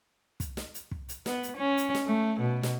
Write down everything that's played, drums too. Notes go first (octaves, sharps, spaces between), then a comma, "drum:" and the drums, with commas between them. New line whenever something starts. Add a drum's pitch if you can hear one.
drum: kick, hi-hat
drum: snare
drum: hi-hat
drum: kick
drum: hi-hat
B3, drum: snare
drum: hi-hat
C#4
drum: hi-hat
drum: snare
A3
B2
drum: snare